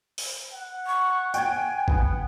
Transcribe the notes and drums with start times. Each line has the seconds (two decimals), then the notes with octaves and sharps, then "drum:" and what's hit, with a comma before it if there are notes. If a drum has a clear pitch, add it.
0.18 drum: open hi-hat
0.52 F#5
0.87 C#6
1.34 G5 G#5 G#6, drum: tambourine
1.88 B3, drum: kick G1